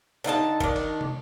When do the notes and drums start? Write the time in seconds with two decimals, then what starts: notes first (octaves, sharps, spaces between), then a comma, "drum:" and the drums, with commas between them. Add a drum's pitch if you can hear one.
0.24 D3 D#4 F4 A5
0.60 D#3 D4, drum: kick
0.76 drum: cymbal
1.01 drum: tom